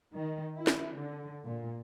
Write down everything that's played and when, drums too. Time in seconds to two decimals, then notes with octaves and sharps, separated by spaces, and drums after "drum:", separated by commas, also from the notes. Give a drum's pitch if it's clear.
0.15 D#3
0.56 E4
0.67 drum: snare
0.95 D3
1.46 A#2